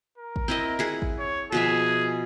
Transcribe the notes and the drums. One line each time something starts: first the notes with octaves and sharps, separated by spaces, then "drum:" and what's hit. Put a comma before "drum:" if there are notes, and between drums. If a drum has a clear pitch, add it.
A#4
drum: kick
C4 E4 D#5
E4 G#4 F#5
drum: kick
C#5
B2 F3 G#4 E5